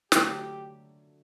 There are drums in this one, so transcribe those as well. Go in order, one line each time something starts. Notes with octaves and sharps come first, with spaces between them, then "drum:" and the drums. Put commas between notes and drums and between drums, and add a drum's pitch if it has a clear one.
D3 F#3 A3 G4, drum: snare